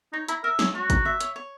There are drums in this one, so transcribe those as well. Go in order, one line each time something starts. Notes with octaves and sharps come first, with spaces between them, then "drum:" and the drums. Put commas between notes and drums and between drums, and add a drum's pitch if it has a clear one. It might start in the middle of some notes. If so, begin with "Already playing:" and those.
D#4 C#5
E4 A#5, drum: hi-hat
A#4 E5
G#4 C#5, drum: snare
F#4 C#5
A#5, drum: kick, hi-hat
E5
C#5, drum: hi-hat
C#5